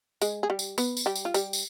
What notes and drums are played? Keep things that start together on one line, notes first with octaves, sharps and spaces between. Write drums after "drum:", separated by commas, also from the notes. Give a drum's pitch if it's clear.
G#3 G#4, drum: tambourine
G#4
G3 G4
drum: tambourine
B3 B4, drum: tambourine
drum: tambourine
G3 G4
drum: tambourine
F4
G3 G4, drum: tambourine
drum: tambourine